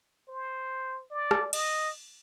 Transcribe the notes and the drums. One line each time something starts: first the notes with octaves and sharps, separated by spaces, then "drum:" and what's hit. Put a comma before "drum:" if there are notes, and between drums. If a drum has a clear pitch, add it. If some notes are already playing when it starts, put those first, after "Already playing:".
C5
D5
drum: rim click
D#5, drum: cymbal